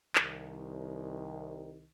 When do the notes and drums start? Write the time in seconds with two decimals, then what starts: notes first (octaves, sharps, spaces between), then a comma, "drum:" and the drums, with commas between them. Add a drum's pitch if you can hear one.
0.16 C2 D#3, drum: clap